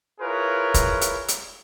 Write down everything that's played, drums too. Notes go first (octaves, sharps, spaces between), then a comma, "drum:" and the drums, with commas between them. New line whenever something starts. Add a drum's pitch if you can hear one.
E4 F4 G#4 A#4 B4 C#5
drum: kick, hi-hat
drum: hi-hat
drum: hi-hat